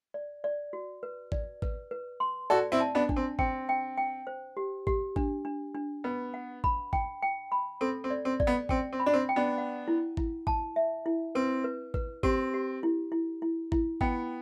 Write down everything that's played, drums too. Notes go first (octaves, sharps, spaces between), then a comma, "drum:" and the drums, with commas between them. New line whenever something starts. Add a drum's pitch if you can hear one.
D5
D5
F#4
B4
D5, drum: kick G#1
B4, drum: kick G#1
B4
C6
F#4 A4 D5
C4 E4
A5
B3 D4
D4, drum: kick G#1
C4
C4 G5, drum: kick G#1
G5
G5
C5
G4
G4, drum: kick G#1
D4, drum: kick G#1
D4
D4
B3 B4
F#5
B5, drum: kick G#1
G5, drum: kick G#1
G5
B5
C4 A4
C4
D5
C4
D5, drum: kick G#1
B3
C4 G5, drum: kick G#1
C4
B5
D4
C4
G5
B3 D4
F#5
E4
E4, drum: kick G#1
A5, drum: kick G#1
E5
E4
C4 B4
B4
B4, drum: kick G#1
C4 G4, drum: kick G#1
G4
E4
E4
E4
E4, drum: kick G#1
B3 G5, drum: kick G#1